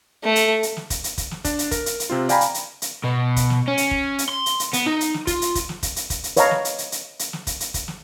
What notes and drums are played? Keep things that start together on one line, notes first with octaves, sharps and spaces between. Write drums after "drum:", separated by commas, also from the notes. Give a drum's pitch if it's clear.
A3
drum: hi-hat
drum: hi-hat
drum: snare
drum: kick, hi-hat
drum: hi-hat
drum: kick, hi-hat
drum: snare
D4, drum: kick, hi-hat
drum: hi-hat
A#4, drum: kick, hi-hat
drum: hi-hat
drum: hi-hat
C3 C4 F4
D5 F5 G5 G#5 A#5 B5, drum: hi-hat
drum: hi-hat
drum: hi-hat
drum: hi-hat
B2
drum: kick, hi-hat
drum: snare
C#4
drum: hi-hat
drum: kick
drum: hi-hat
C6
drum: hi-hat
drum: hi-hat
B3, drum: hi-hat
D#4
drum: hi-hat
drum: snare
F4, drum: kick, hi-hat
drum: hi-hat
drum: kick, hi-hat
drum: snare
drum: kick, hi-hat
drum: hi-hat
drum: kick, hi-hat
drum: hi-hat
B4 C#5 D#5 F5 A5 A#5, drum: hi-hat
drum: snare
drum: hi-hat
drum: hi-hat
drum: hi-hat
drum: hi-hat
drum: snare
drum: kick, hi-hat
drum: hi-hat
drum: kick, hi-hat
drum: snare